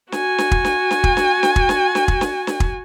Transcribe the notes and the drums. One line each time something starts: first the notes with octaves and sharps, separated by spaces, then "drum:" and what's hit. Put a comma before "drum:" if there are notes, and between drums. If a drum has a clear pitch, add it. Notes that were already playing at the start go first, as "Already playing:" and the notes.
F#4 G#5, drum: snare
drum: snare
drum: kick
drum: snare
drum: snare
drum: kick
drum: snare
drum: snare
drum: kick
drum: snare
drum: snare
drum: kick
drum: snare
drum: snare
drum: kick